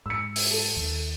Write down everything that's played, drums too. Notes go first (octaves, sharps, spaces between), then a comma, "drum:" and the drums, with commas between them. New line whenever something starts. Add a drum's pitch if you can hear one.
G#2 E6 C#7
drum: open hi-hat
A4
D#2